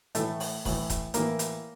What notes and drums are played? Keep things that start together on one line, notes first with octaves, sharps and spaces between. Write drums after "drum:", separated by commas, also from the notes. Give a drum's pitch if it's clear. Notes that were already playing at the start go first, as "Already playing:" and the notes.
A2 E3 A3, drum: hi-hat
drum: open hi-hat
A2 E3, drum: kick D#1, open hi-hat
drum: kick D#1, hi-hat
A2 E3 A#3, drum: hi-hat
drum: hi-hat